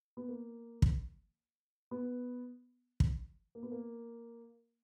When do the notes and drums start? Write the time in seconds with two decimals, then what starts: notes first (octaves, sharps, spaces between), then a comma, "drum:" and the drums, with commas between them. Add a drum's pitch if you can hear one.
0.17 B3
0.28 A#3
0.82 drum: kick
1.91 B3
3.00 drum: kick
3.55 A#3
3.63 B3
3.72 A#3